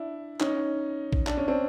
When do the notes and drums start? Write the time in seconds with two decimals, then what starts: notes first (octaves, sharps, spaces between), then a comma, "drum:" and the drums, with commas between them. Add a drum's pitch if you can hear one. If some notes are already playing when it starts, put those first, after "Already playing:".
Already playing: D4 E4
0.40 C#4 D#4, drum: clap
1.13 drum: kick
1.27 D4, drum: clap
1.37 C#4
1.48 C4 D4